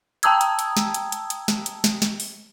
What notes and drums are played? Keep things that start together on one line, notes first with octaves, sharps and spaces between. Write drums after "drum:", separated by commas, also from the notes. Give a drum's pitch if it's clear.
G5 A5 A#5 D#6 E6 G#6, drum: hi-hat
drum: hi-hat
drum: hi-hat
drum: snare
drum: hi-hat
drum: hi-hat
drum: hi-hat
drum: snare
drum: hi-hat
drum: snare
drum: snare
drum: open hi-hat